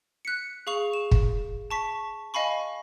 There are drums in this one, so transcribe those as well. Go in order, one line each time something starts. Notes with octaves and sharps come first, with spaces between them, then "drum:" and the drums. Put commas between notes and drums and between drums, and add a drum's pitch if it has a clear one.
F#6 B6 C#7
G#4 F5 C#6 F7
E7
drum: kick
A5 C#6 B6
D#5 F5 G#5 B5 C#6